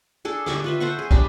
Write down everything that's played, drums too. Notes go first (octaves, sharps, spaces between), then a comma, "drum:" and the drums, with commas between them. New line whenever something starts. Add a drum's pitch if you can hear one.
D4 G#4 A4
D3 G3 C#6, drum: rim click
F4 B4 E5
A4 C5 F#5 C#6
G#4
G3 D4 B5, drum: kick